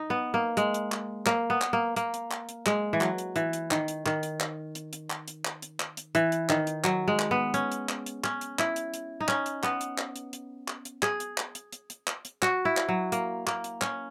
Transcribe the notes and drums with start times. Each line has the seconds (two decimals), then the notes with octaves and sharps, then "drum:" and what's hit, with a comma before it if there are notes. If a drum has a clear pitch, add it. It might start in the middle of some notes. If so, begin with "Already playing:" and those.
Already playing: D#4
0.10 B3
0.34 A#3
0.57 G#3, drum: hi-hat
0.74 drum: hi-hat
0.92 drum: clap
1.26 A#3, drum: clap
1.50 B3
1.62 drum: clap
1.73 A#3
1.96 A#3, drum: hi-hat
2.14 drum: hi-hat
2.31 drum: clap
2.49 drum: hi-hat
2.66 G#3, drum: clap
2.93 E3
3.01 F#3, drum: clap
3.18 drum: hi-hat
3.36 E3, drum: hi-hat
3.53 drum: hi-hat
3.71 D#3, drum: clap
3.88 drum: hi-hat
4.06 D#3, drum: clap
4.23 drum: hi-hat
4.40 drum: clap
4.75 drum: hi-hat
4.93 drum: hi-hat
5.10 drum: clap
5.28 drum: hi-hat
5.45 drum: clap
5.62 drum: hi-hat
5.80 drum: clap
5.97 drum: hi-hat
6.15 E3, drum: hi-hat
6.32 drum: hi-hat
6.49 D#3, drum: clap
6.67 drum: hi-hat
6.84 F#3, drum: clap
7.08 G#3
7.19 drum: clap
7.31 B3
7.54 C#4, drum: hi-hat
7.72 drum: hi-hat
7.89 drum: clap
8.06 drum: hi-hat
8.24 C#4, drum: clap
8.41 drum: hi-hat
8.59 E4, drum: clap
8.76 drum: hi-hat
8.94 drum: hi-hat
9.20 D#4
9.28 C#4, drum: clap
9.46 drum: hi-hat
9.63 B3, drum: clap
9.81 drum: hi-hat
9.98 drum: clap
10.16 drum: hi-hat
10.33 drum: hi-hat
10.68 drum: clap
10.85 drum: hi-hat
11.02 G#4, drum: clap
11.20 drum: hi-hat
11.38 drum: clap
11.55 drum: hi-hat
11.72 drum: hi-hat
11.90 drum: hi-hat
12.07 drum: clap
12.25 drum: hi-hat
12.42 F#4, drum: clap
12.65 E4
12.77 drum: clap
12.89 F#3
13.12 A#3, drum: hi-hat
13.47 A#3, drum: clap
13.64 drum: hi-hat
13.81 C#4, drum: clap